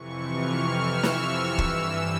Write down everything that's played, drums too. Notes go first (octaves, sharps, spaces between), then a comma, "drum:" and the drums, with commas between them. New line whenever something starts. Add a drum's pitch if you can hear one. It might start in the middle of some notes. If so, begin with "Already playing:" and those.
Already playing: F2 C3 E3 C#6
F6
E6
drum: snare
G2 E3 E6, drum: kick